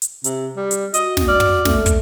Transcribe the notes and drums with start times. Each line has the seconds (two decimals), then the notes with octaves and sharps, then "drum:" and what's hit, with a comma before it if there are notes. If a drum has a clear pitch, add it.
0.02 drum: hi-hat
0.24 C3, drum: hi-hat
0.57 G3
0.71 drum: hi-hat
0.94 F#4 D#5, drum: hi-hat
1.17 drum: snare
1.28 D5 F6
1.40 drum: tom
1.65 A3, drum: snare
1.86 drum: kick, hi-hat